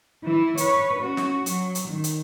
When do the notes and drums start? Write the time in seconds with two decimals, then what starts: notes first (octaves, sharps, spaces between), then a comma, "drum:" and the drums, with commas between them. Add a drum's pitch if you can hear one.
0.24 E3 E4
0.57 B4 C#5, drum: hi-hat
1.00 C#4 F#4
1.17 drum: snare
1.46 F#3, drum: hi-hat
1.75 drum: hi-hat
1.89 D#3
2.04 drum: hi-hat